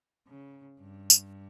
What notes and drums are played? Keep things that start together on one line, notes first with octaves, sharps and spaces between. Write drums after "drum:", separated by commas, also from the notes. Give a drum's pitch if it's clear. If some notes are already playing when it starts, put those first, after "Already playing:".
C#3
G2
drum: tambourine